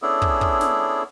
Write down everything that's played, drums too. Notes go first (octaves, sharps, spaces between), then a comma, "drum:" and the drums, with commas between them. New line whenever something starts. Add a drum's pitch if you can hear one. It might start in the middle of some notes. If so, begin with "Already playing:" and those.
B3 C#4 D4 E4 G#4 A4
drum: kick
drum: kick
drum: snare